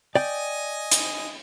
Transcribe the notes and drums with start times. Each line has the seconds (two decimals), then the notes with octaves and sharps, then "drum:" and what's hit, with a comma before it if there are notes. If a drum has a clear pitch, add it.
0.16 D5 D#5 G5 G#5
0.92 drum: hi-hat